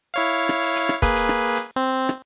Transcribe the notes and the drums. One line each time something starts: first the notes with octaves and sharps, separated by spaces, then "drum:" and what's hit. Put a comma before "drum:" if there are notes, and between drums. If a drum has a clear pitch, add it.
E4 C#5 F5
drum: rim click
drum: open hi-hat
drum: hi-hat
drum: rim click
A#3 G#4 B4, drum: kick, hi-hat
drum: hi-hat
drum: rim click
drum: hi-hat
C4
drum: rim click